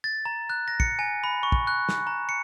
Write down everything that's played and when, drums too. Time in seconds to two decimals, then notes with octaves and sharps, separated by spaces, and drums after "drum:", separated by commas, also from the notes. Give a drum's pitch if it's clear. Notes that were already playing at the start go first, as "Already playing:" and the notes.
0.04 A6
0.25 A#5
0.50 F#6
0.68 A#6
0.80 C#7, drum: kick
0.99 G#5
1.24 B5
1.43 C#6
1.52 drum: kick
1.67 F#6
1.89 drum: snare
2.07 A#5
2.29 C#7